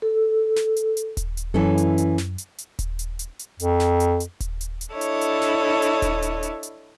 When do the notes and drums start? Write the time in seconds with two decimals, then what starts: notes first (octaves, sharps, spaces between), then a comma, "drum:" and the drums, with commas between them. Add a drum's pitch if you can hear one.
0.02 A4
0.56 drum: snare
0.76 drum: hi-hat
0.97 drum: hi-hat
1.17 drum: kick D#1, hi-hat
1.37 drum: hi-hat
1.54 F#2 E3 C#4 A4
1.78 drum: hi-hat
1.98 drum: hi-hat
2.18 drum: snare
2.38 drum: hi-hat
2.58 drum: hi-hat
2.79 drum: kick D#1, hi-hat
2.99 drum: hi-hat
3.19 drum: hi-hat
3.39 drum: hi-hat
3.60 F2, drum: hi-hat
3.80 drum: snare
4.00 drum: hi-hat
4.20 drum: hi-hat
4.40 drum: kick D#1, hi-hat
4.61 drum: hi-hat
4.81 drum: hi-hat
4.92 D4 E4 A4 C#5 D#5
5.01 drum: hi-hat
5.21 drum: hi-hat
5.41 drum: snare
5.82 drum: hi-hat
6.02 drum: kick D#1, hi-hat
6.22 drum: hi-hat
6.43 drum: hi-hat
6.63 drum: hi-hat